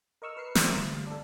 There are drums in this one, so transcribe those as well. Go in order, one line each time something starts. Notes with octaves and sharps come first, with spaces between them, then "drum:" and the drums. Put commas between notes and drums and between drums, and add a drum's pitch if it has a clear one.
A#4 D#5 C#6 E6 F6
B4 F6 C7 C#7
G4 A#4 C5 D5 E5 F#5, drum: snare
G1 D2 F5 A6
D4 A4